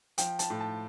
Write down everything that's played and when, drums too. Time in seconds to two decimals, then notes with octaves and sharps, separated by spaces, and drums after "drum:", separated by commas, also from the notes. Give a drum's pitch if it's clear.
0.18 F3 G5, drum: hi-hat
0.39 A5, drum: hi-hat
0.50 A2
0.60 A5